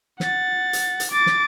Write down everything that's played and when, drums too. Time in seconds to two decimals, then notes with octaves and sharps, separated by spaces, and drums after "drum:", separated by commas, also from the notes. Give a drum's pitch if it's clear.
0.20 F#5 A6, drum: snare
0.73 drum: hi-hat
1.00 drum: hi-hat
1.11 D6 A6
1.26 drum: snare